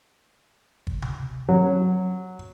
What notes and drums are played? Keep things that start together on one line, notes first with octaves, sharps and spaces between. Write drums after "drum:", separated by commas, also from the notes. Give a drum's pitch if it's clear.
drum: kick
drum: tom C3
F#3